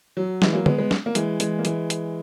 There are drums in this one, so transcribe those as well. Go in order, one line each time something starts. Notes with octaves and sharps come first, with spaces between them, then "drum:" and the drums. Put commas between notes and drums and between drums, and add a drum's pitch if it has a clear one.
F#3
E3 G#3, drum: snare
F#3 A#3
G#3 B3, drum: tom D3
G#3 B3
drum: snare
A#3
E3 G#3, drum: hi-hat
E3 G#3, drum: hi-hat
A#3
E3 G#3, drum: hi-hat
drum: hi-hat